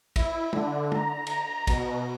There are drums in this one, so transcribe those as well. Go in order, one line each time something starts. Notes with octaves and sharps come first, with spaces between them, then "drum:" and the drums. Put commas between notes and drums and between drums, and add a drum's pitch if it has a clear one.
E4, drum: kick, cymbal
D3, drum: tom
A#5, drum: tom
A#5, drum: cymbal
B2, drum: kick, cymbal